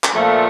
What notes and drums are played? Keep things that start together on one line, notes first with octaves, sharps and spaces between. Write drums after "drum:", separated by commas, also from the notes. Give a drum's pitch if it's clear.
drum: clap
A#2 F3 A3